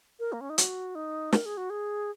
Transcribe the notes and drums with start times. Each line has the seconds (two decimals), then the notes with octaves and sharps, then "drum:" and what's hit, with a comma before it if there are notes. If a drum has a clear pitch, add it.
0.20 A#4
0.33 A#3
0.41 C#4
0.50 D#4
0.58 F#4, drum: hi-hat
0.95 D#4
1.33 A#4, drum: snare
1.46 G#4
1.57 F#4
1.70 G#4